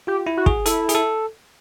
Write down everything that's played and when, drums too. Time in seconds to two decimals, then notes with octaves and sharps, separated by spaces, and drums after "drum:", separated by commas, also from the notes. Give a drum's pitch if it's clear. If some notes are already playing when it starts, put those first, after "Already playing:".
0.07 F4 G4
0.27 E4
0.37 F#4
0.46 G#4, drum: kick
0.66 E4 A4, drum: hi-hat
0.89 G#4, drum: hi-hat
0.95 A4